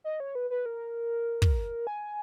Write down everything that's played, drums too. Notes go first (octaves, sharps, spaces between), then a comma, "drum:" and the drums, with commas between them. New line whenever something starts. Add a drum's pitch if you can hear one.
D#5
C#5
B4
B4
A#4
drum: kick
G#5